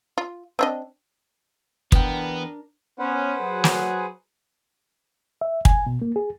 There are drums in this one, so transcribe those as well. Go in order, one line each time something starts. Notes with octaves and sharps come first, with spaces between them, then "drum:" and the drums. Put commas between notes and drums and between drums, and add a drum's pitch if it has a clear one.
F4
C4 D4 D#5
E2 B3 D4 A#4 G5, drum: kick
B3 C#4 B4 C5 F#5
F#3 G#4
drum: snare
E5
G#5, drum: kick
B2
A#3
G#4